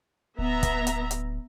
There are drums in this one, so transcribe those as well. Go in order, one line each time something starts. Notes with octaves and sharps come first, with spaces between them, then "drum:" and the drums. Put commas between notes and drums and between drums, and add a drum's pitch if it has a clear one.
D1 B3 E5 A#5
drum: kick, hi-hat
drum: hi-hat
drum: hi-hat